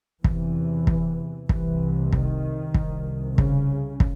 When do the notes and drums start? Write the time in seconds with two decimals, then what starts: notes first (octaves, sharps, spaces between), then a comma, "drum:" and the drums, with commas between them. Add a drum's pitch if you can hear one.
0.24 E2 C3 E3, drum: kick
0.87 drum: kick
1.49 C2 C3 E3, drum: kick
2.13 D#3, drum: kick
2.74 C2 C3, drum: kick
3.38 C#3, drum: kick
4.00 drum: kick